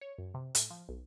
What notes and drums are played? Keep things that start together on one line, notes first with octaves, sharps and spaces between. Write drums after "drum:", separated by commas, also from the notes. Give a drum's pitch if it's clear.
C#5
F#2
C3
A2, drum: hi-hat
F3
B1